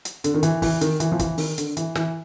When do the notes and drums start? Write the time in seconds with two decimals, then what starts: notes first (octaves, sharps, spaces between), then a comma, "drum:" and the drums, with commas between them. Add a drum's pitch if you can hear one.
0.05 drum: hi-hat
0.24 D3, drum: hi-hat
0.34 D#3
0.43 E3, drum: hi-hat
0.62 E3, drum: kick, open hi-hat
0.81 D#3, drum: hi-hat
1.00 E3, drum: hi-hat
1.12 F3
1.19 E3, drum: kick, hi-hat
1.38 D#3, drum: open hi-hat
1.58 D3, drum: hi-hat
1.77 E3, drum: hi-hat
1.95 E3, drum: snare